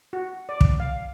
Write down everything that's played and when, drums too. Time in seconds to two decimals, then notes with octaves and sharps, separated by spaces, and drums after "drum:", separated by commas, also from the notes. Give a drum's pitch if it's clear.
0.13 F#4
0.49 D5
0.61 drum: kick
0.80 F5